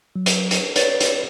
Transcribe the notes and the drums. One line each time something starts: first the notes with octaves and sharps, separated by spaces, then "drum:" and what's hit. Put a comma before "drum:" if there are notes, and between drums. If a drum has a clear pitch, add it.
F#3
drum: hi-hat
drum: hi-hat
B4 C#5 D5 A6, drum: hi-hat
drum: hi-hat